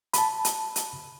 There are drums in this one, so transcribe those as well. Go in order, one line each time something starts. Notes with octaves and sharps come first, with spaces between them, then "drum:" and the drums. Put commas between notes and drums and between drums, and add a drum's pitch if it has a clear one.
A5 B5, drum: hi-hat
drum: hi-hat
drum: hi-hat